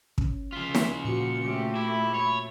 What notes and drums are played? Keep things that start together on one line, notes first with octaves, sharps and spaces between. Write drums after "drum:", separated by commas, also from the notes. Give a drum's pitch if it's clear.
C#4, drum: kick
C#3 F3 F4 B6
drum: snare
A#2 F#4 C#7
A3 C4 G4
E4 B5
A3 C#5